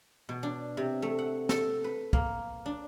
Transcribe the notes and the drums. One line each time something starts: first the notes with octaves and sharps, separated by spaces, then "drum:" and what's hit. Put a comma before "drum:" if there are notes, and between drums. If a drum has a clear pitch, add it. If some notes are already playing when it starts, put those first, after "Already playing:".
B2
D4
C3
A3
F#5
A4, drum: snare
B4
A#3, drum: kick
D4